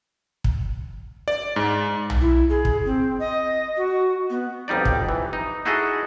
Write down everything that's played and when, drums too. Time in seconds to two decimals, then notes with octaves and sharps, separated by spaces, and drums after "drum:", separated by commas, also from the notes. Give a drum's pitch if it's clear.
0.44 drum: kick
1.28 D5
1.56 G#2
2.10 drum: tom B1
2.21 E4
2.49 G#4
2.65 drum: kick
2.86 C4
3.20 D#5
3.77 F#4
4.30 B3
4.68 B1 F2 G3 D#4 D5
4.85 drum: kick
5.09 E3
5.33 D#4
5.65 D#4 E4 F#4 G#4 A4 D#5